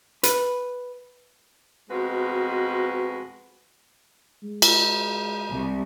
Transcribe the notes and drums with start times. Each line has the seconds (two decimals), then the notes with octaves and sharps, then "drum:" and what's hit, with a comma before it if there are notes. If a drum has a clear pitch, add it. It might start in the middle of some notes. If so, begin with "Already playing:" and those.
0.23 B4, drum: hi-hat
1.89 F2 B2 G#3 F#4 B4
4.43 G#3
4.62 drum: cymbal
5.51 C2